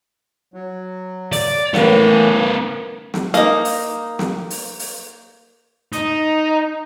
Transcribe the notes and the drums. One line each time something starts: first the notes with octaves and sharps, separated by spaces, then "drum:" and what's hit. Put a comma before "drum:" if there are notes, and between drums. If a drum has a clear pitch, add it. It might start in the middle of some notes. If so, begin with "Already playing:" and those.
F#3
D5, drum: open hi-hat
A2 E3 A#3 B3 A#4, drum: snare
drum: snare
A#3 D#4, drum: hi-hat
drum: open hi-hat
drum: snare
drum: open hi-hat
drum: open hi-hat
D#4, drum: hi-hat